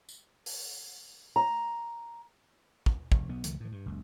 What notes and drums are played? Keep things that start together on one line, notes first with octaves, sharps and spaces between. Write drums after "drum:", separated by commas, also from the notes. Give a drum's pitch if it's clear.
drum: tambourine
drum: open hi-hat
A#5
drum: kick
F1, drum: kick
B1 B3
C#2 D#3 F3 A3, drum: hi-hat
A2 E3
G2
F#1 C#2